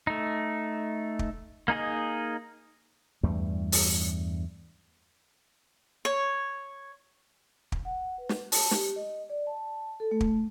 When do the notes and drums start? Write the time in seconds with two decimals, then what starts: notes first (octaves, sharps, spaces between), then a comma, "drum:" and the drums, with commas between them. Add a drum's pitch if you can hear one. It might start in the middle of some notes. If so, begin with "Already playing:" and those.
0.07 A3 D#4
1.19 drum: kick
1.68 A#3 D#4 G#4 D#5
3.23 E2 G2 G3 A3
3.72 drum: open hi-hat
6.05 C#5
7.72 drum: kick
7.85 F#5
8.18 B4
8.29 drum: snare
8.52 A5, drum: open hi-hat
8.71 G4, drum: snare
8.96 D#5
9.30 D5
9.47 A5
10.00 A4
10.11 A3
10.21 drum: kick